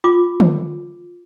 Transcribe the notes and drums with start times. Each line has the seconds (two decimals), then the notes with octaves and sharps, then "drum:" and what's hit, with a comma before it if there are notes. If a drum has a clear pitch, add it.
0.04 F4 D6
0.40 drum: tom